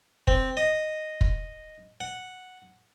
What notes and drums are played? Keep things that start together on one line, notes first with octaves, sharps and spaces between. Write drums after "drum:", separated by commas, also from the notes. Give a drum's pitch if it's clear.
C4, drum: kick
D#5
drum: kick
F#5